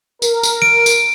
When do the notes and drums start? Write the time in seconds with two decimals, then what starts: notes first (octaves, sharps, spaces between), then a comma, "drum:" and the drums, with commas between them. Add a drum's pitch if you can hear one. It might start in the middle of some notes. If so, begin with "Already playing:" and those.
0.22 A#4, drum: tambourine
0.43 drum: tambourine
0.62 D7
0.86 drum: tambourine